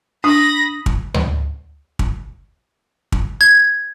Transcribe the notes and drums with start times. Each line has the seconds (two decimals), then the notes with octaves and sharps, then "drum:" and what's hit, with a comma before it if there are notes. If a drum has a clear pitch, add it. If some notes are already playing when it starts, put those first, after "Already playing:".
0.24 D4 B5 D#6 A#6
0.86 drum: kick
1.14 drum: tom D2
1.99 drum: kick
3.12 drum: kick
3.41 G#6